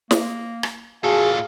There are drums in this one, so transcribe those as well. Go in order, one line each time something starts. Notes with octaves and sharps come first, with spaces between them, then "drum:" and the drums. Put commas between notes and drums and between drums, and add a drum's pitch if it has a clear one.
A#3, drum: snare
drum: rim click
A#2 F#4 G#4 A4 F5